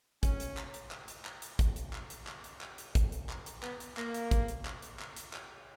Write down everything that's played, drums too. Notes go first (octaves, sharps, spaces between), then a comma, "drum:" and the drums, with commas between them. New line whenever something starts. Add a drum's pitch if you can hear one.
C#4, drum: kick, hi-hat
drum: hi-hat
drum: clap
drum: hi-hat
drum: clap
drum: hi-hat
drum: clap
drum: hi-hat
drum: kick, hi-hat
drum: hi-hat
drum: clap
drum: hi-hat
drum: clap
drum: hi-hat
drum: clap
drum: hi-hat
drum: kick, hi-hat
drum: hi-hat
drum: clap
drum: hi-hat
B3, drum: clap
drum: hi-hat
A#3, drum: clap
drum: hi-hat
drum: kick, hi-hat
drum: hi-hat
drum: clap
drum: hi-hat
drum: clap
drum: hi-hat
drum: clap